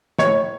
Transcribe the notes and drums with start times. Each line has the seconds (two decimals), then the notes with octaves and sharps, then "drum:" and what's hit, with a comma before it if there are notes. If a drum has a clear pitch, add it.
0.18 A2 C#5, drum: snare